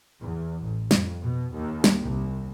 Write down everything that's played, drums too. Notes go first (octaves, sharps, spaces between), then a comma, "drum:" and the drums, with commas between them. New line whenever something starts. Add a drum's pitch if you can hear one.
E2
A1
F2, drum: snare
B2
D#2
drum: snare
C2